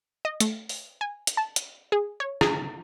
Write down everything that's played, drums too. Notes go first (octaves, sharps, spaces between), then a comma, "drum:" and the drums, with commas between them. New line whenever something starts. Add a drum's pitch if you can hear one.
D#5
A3, drum: hi-hat
drum: open hi-hat
G#5
drum: hi-hat
A5
drum: hi-hat
G#4
C#5
G#4, drum: rim click